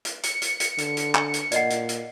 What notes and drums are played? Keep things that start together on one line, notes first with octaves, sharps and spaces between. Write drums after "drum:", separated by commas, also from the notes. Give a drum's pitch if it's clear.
drum: hi-hat
C#7, drum: hi-hat
drum: hi-hat
drum: hi-hat
D3, drum: hi-hat
drum: hi-hat
drum: clap
drum: hi-hat
A#2 D5 D#5 F#5, drum: hi-hat
drum: hi-hat
drum: hi-hat